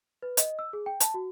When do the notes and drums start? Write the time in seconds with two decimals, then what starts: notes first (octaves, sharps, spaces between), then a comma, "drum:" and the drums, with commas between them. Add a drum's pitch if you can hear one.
0.22 B4
0.37 D#5, drum: hi-hat
0.59 E6
0.73 G#4
0.86 G5
1.00 A5, drum: hi-hat
1.14 F#4